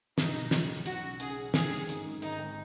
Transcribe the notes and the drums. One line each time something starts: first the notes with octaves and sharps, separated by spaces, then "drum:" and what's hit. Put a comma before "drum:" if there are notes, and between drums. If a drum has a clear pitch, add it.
B1 D#4, drum: snare
B2
F#3, drum: snare
B1
F#3 F#4, drum: hi-hat
C#3
C#4 G#4, drum: hi-hat
C#4
D#3 G#4, drum: snare
G#3
G#2, drum: hi-hat
G#2
G#1 D#4, drum: hi-hat
G#1